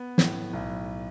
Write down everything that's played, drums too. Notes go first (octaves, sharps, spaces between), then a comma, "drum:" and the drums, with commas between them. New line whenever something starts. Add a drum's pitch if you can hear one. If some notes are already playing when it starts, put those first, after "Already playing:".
Already playing: B3
A2, drum: snare
B1